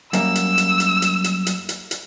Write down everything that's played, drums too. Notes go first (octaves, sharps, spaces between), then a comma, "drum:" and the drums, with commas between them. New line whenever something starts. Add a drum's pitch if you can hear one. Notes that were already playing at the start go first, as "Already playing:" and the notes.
F#2 G3 A#3 E6, drum: hi-hat
drum: hi-hat
drum: hi-hat
drum: hi-hat
drum: hi-hat
drum: hi-hat
drum: hi-hat
drum: hi-hat
drum: hi-hat